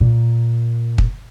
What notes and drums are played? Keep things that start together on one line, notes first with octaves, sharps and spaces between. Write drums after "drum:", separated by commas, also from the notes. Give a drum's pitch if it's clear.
A#2
drum: kick